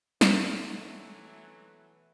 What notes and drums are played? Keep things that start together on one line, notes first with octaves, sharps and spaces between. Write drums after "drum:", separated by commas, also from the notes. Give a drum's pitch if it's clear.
B2 E3 F#3 A3, drum: snare